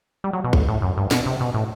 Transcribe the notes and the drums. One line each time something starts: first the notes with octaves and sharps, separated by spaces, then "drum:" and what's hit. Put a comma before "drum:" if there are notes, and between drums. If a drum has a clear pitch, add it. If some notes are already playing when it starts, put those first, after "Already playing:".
G3
F#3
B2
A2, drum: kick B1
A2
F#2
G2
B2, drum: snare
C3
B2
A2